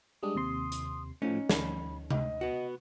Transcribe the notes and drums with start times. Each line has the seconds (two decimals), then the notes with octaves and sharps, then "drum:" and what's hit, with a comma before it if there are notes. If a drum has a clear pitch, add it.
0.23 G3 G#3 D4 D#6
0.36 D#2 C3 C6
0.72 drum: hi-hat
1.22 A2 F3 C#4 D#4
1.49 D2 B5, drum: snare
2.11 D#5, drum: tom C3
2.41 B3 F#4